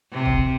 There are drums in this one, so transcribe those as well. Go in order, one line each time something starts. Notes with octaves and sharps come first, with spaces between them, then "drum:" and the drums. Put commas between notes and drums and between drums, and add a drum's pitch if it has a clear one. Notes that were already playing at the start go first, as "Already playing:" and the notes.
C3
drum: kick